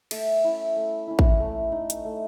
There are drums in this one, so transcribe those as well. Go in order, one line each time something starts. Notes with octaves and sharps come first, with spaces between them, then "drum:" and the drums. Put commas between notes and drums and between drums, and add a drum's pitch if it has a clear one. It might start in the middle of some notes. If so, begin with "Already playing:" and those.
A3 E5, drum: cymbal
C#4 E4
A3
C#4 E4
drum: kick A1
A3
D#4
drum: hi-hat
A3